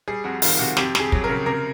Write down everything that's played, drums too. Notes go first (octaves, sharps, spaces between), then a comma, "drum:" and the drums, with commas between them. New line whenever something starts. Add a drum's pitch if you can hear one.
G3 G#4
F2 F#4
D#3 F4, drum: open hi-hat
C3 F#4
F2 G4, drum: snare
F2 G#4, drum: snare
F#3, drum: kick
A#4
C#3
C3 A#4